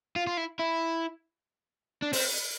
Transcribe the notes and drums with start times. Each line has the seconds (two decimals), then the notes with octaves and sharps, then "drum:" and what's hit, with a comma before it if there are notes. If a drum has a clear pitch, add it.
0.16 F4
0.27 F4
0.37 E4
0.59 E4
2.02 D4
2.13 C4, drum: open hi-hat